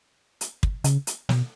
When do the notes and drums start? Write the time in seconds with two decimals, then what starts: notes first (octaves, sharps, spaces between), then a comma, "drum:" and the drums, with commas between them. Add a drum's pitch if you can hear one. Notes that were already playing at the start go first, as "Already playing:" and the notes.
0.41 drum: hi-hat
0.63 drum: kick
0.84 C#3, drum: hi-hat
1.07 drum: hi-hat
1.29 B2, drum: snare